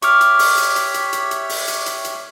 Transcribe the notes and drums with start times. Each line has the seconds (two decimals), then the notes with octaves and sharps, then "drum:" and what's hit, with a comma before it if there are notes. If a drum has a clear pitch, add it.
0.02 G4 C#5 E5 C#6 D6 F6, drum: hi-hat
0.21 drum: hi-hat
0.39 drum: open hi-hat
0.57 drum: hi-hat
0.76 drum: hi-hat
0.94 drum: hi-hat
1.13 drum: hi-hat
1.31 drum: hi-hat
1.49 drum: open hi-hat
1.68 drum: hi-hat
1.86 drum: hi-hat
2.05 drum: hi-hat